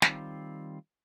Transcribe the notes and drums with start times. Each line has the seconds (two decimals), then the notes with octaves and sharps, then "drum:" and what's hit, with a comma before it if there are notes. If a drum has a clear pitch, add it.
0.02 D#3 G3 C4 F4, drum: snare